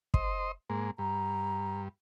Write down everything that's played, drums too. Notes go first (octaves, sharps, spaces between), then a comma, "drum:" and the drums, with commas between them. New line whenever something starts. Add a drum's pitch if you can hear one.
C5 D#5, drum: kick
G#2 A#3
G2 A#5